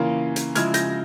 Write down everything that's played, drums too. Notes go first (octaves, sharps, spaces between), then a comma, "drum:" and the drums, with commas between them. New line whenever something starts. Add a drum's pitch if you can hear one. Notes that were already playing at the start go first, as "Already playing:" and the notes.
Already playing: C#3 E3 A#3 C#4 F4
drum: hi-hat
C#3 F3 G#3 E4 F6 G#6, drum: hi-hat
G6 A#6, drum: hi-hat